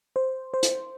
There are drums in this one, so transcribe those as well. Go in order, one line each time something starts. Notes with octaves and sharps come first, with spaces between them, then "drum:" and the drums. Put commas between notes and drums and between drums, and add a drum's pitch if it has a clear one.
C5
C5
drum: hi-hat